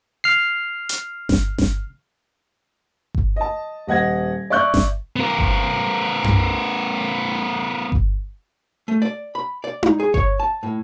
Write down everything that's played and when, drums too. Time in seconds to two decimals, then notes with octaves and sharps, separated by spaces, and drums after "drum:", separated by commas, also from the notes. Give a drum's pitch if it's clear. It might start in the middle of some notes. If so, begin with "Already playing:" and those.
0.24 F6 C7
0.89 drum: hi-hat
1.29 drum: snare G1
1.58 drum: snare G1
3.15 drum: kick G1
3.36 D#5 A5
3.87 D#1 D#5 F#5 G#6 A#6
4.50 D5 E5 C#6 F#6 G6
4.74 drum: snare G1
5.16 B3 A#4
5.39 drum: kick G1
6.24 drum: tom F#2
7.92 drum: kick G1
8.88 A3
9.02 D5
9.35 B5
9.64 D5
9.83 drum: tom D#4
10.00 G#4
10.14 C#5, drum: kick G1
10.40 A5
10.63 A2